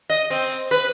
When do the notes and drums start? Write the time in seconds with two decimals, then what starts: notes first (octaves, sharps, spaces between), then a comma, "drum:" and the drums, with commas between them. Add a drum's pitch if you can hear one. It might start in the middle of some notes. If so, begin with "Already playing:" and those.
0.09 D#5
0.30 C4, drum: hi-hat
0.51 drum: hi-hat
0.71 B4, drum: hi-hat